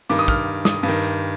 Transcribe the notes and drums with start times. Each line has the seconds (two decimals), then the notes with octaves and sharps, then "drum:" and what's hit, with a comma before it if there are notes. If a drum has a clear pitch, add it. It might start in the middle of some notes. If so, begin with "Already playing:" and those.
0.09 G2 D#3 D6
0.19 D#6
0.28 F6, drum: kick, hi-hat
0.65 D#6, drum: snare
0.83 G2 D#3
1.02 drum: hi-hat